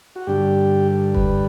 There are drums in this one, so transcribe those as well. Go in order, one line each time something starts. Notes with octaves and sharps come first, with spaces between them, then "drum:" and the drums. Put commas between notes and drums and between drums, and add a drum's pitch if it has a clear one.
F#4
G2 D3 G3 G4
B4, drum: kick F#1